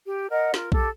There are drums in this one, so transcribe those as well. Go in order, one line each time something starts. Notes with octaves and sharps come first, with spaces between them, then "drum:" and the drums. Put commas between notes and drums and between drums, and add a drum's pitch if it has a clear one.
G4
A#4 D#5 F#5
F4 A#4, drum: snare
G4 A4, drum: kick A#1